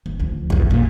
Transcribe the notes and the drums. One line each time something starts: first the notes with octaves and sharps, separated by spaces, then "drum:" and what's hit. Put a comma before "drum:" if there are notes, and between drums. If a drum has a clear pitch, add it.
F1
D2 F3
B1 E2, drum: kick
F2 A#2